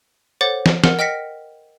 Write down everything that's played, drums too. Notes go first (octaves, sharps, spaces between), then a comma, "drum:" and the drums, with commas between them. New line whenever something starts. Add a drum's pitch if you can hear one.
A4 C5 C#5 F#5 D6 A6
drum: snare
A#4 F#5 F6, drum: snare
D#5 G5 F6 A#6 B6 C#7